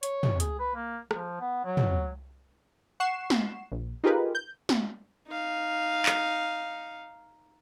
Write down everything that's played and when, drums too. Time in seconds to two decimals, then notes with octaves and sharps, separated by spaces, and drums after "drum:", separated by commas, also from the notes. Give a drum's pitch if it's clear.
0.03 C#5, drum: hi-hat
0.23 drum: tom
0.40 G#4, drum: hi-hat
0.59 B4
0.75 A#3
1.11 F3, drum: rim click
1.40 B3
1.65 F#3
1.77 drum: tom
3.00 F#5 C#6 C7 E7
3.30 drum: snare
3.72 A#1
4.04 D#4 F4 G4 G#4 A#4 B4
4.35 G6
4.69 drum: snare
5.27 D#4 F5
6.06 drum: clap